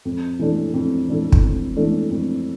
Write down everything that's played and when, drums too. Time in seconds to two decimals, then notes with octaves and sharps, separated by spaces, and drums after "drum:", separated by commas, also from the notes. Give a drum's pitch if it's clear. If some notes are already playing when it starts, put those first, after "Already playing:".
0.05 F2
0.39 E3 A3 D4 A4
0.74 F2
1.08 E3 A3 D4 A4
1.32 drum: kick
1.42 F2
1.76 E3 A3 D4 A4
2.11 F2